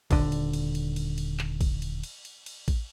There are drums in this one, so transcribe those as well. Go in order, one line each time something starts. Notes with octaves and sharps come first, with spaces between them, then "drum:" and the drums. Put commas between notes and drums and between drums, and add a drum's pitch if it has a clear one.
D#1 D3, drum: kick A1, cymbal
drum: cymbal
drum: cymbal
drum: cymbal
drum: cymbal
drum: cymbal
drum: clap
drum: kick A1, cymbal
drum: cymbal
drum: cymbal
drum: cymbal
drum: cymbal
drum: kick A1, cymbal